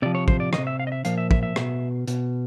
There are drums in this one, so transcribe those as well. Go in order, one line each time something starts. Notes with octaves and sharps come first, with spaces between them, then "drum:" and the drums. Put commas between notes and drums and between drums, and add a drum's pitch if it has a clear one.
C3 F3 D5
C#5
C5, drum: kick
D5
D#3 D#5, drum: rim click
C3
E5
F5
D#5
E5
A#2 F3 F5, drum: hi-hat
E5
E5, drum: kick
E5
B2, drum: rim click
B2, drum: hi-hat